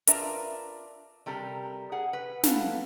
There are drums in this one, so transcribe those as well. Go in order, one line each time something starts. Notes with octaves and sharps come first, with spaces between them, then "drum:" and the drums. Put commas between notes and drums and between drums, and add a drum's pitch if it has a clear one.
D4 F4 A#4 B4 D5 E5, drum: hi-hat
C3 G3 A4 A#4
G#4 F#5
B4
E4 F#4 A4 F5, drum: snare